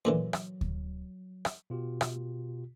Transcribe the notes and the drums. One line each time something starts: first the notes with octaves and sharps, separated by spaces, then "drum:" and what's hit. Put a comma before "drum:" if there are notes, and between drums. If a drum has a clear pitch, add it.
A#2 D3 E3 F#3
drum: rim click
drum: kick D2
drum: rim click
B2 F4 G4
drum: rim click